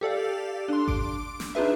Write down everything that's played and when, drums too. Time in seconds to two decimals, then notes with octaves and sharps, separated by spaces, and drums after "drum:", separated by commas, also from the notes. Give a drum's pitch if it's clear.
0.01 G4 A4 D5 F5
0.68 D4 C6
0.88 D6 D7, drum: kick G#1
1.40 drum: snare
1.55 D4 D#4 F4 G#4 B4 E5